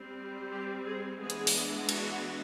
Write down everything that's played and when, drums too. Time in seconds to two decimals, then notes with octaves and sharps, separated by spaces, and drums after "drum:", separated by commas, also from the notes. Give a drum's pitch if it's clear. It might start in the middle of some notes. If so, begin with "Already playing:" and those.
Already playing: G3 C4
0.52 G4
0.86 G#4
1.21 E3 G#3 B3 D4 G#4
1.30 drum: hi-hat
1.47 drum: open hi-hat
1.89 F#4, drum: cymbal